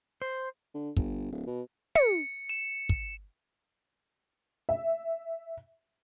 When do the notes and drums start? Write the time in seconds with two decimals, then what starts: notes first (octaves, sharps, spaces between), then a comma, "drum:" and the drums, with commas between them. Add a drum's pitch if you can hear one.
0.22 C5
0.74 D3
0.97 G1, drum: kick
1.32 D1
1.47 B2
1.95 C#7, drum: tom
2.49 E7
2.89 drum: kick
4.69 E5